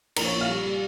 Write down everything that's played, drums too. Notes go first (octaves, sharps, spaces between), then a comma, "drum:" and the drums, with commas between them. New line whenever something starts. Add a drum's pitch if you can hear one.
A#1 A#4 A#5, drum: cymbal
C#5 C#6
A#2
F5 F6
G3
G3